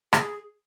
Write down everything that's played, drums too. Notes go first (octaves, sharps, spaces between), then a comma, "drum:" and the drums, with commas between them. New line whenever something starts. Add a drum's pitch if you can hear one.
G#4, drum: rim click